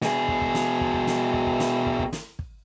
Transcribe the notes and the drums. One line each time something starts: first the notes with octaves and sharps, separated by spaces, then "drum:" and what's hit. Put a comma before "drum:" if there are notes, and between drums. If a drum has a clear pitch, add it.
B2 G#4, drum: snare
drum: kick
drum: kick
drum: snare
drum: kick
drum: kick
drum: snare
drum: kick
drum: kick
drum: snare
drum: kick
drum: kick
drum: snare
drum: kick